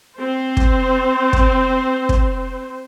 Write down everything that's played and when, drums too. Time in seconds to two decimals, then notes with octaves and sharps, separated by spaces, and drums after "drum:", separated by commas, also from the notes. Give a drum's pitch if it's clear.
0.19 C4 C5
0.57 drum: kick
1.33 drum: kick
2.09 drum: kick